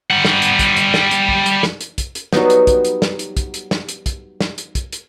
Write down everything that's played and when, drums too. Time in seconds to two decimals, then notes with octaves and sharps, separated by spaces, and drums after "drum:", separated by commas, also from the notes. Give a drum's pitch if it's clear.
0.10 G3 F#5
0.25 drum: snare
0.42 drum: hi-hat
0.59 drum: kick, hi-hat
0.77 drum: hi-hat
0.94 drum: snare
1.11 drum: hi-hat
1.29 drum: kick
1.46 drum: hi-hat
1.63 drum: snare
1.81 drum: hi-hat
1.98 drum: kick, hi-hat
2.15 drum: hi-hat
2.33 F#3 G3 B3 D#4, drum: snare
2.50 drum: hi-hat
2.67 drum: kick, hi-hat
2.85 drum: hi-hat
3.02 drum: snare
3.19 drum: hi-hat
3.37 drum: kick, hi-hat
3.54 drum: hi-hat
3.71 drum: snare
3.89 drum: hi-hat
4.06 drum: kick, hi-hat
4.41 drum: snare
4.58 drum: hi-hat
4.75 drum: kick, hi-hat
4.93 drum: hi-hat